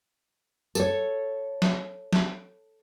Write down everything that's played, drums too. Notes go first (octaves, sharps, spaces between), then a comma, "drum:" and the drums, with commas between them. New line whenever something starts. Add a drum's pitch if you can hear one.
A4 C#5, drum: tambourine
drum: snare
drum: snare